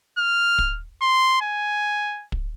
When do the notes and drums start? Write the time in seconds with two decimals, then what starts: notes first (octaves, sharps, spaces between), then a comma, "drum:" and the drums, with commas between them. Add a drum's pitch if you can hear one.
0.18 F6
0.58 drum: kick
1.02 C6
1.42 G#5
2.32 drum: kick